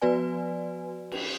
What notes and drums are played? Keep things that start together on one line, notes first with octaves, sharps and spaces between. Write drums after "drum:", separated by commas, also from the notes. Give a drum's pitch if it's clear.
F3 B3 F#4 B4 D5 G#5
drum: cymbal